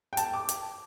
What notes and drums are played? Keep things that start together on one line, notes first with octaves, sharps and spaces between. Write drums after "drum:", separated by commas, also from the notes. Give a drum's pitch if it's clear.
G5
A5, drum: hi-hat
D6
drum: hi-hat